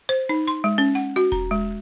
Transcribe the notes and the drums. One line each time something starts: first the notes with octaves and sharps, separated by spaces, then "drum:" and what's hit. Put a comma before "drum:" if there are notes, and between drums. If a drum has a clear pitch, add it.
C5
D#4
C6
G#3
C#4
F#5
F#4
A#5, drum: kick E1
G#3